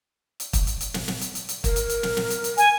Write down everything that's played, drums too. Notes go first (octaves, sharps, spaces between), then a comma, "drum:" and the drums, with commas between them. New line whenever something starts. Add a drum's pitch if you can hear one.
drum: hi-hat
drum: kick, hi-hat
drum: hi-hat
drum: hi-hat
drum: snare
drum: snare
drum: hi-hat
drum: hi-hat
drum: hi-hat
A#4, drum: kick, hi-hat
drum: hi-hat
drum: hi-hat
drum: snare
drum: snare
drum: hi-hat
drum: hi-hat
G#5, drum: hi-hat